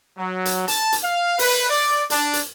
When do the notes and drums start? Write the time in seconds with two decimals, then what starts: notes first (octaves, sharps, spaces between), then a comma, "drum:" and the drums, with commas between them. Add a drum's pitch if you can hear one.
0.18 F#3
0.45 drum: hi-hat
0.68 A5, drum: hi-hat
0.92 drum: hi-hat
1.04 F5
1.39 B4, drum: open hi-hat
1.69 D5
2.10 D4, drum: hi-hat
2.33 drum: hi-hat